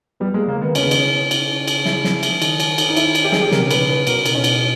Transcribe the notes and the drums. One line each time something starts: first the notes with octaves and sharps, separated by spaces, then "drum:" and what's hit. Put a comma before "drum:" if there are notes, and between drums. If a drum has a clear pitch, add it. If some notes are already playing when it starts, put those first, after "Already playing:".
G3 B3
G#3 A#3
C#3 A#3
D#3 B3
C#3 C#4, drum: cymbal
B3
C#4, drum: cymbal
C#3
C#3, drum: cymbal
drum: cymbal
E4, drum: snare
drum: snare
drum: cymbal
D#3, drum: cymbal
drum: cymbal
drum: cymbal
D#4
E4, drum: cymbal
drum: cymbal
G4
G#4, drum: snare
G4
C#3 A#4, drum: snare
B2
C#3
B4, drum: cymbal
C#3
B4
B2 A#4, drum: cymbal
drum: cymbal
C#4
drum: cymbal